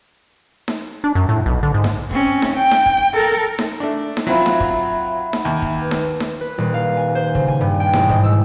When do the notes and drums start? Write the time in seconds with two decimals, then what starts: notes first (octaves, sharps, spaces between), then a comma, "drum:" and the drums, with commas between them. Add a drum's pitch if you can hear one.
0.68 drum: snare D#4
1.04 D4
1.15 F#2
1.29 A2
1.46 B1
1.63 D3
1.74 G#2
1.84 drum: snare D#4
2.11 C4 C#4, drum: kick
2.42 drum: snare D#4
2.57 G5
2.71 drum: snare D#4
2.86 drum: kick
3.14 A4 A#4
3.59 drum: snare D#4
3.80 A3 D4
4.17 drum: snare D#4
4.27 F#3 C4 F4 E5 F#5 B5
4.46 drum: snare D#4
4.60 drum: kick
5.33 drum: snare D#4
5.45 D#2
5.62 drum: kick
5.82 B4
5.91 drum: snare D#4
6.20 drum: snare D#4
6.41 B4
6.58 D#1
6.74 F5
6.97 G#5
7.15 C5
7.35 C#3, drum: kick
7.48 G#5
7.61 G2
7.80 G5
7.93 E1, drum: snare D#4
8.09 G#2, drum: kick
8.24 E6